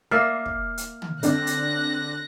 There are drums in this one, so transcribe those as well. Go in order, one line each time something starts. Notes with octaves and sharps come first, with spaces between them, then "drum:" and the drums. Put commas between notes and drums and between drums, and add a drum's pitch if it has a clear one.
A#3 D5 E5 F6 C7
drum: kick
drum: hi-hat
drum: tom
D3 C4 D4 F#6 A#6, drum: hi-hat
drum: hi-hat